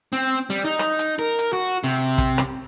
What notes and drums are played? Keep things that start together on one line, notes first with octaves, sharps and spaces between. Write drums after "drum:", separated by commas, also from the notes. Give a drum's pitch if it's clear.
C4
G3
D#4
drum: rim click
drum: hi-hat
A#4
drum: hi-hat
F#4
C3
drum: kick, hi-hat
drum: rim click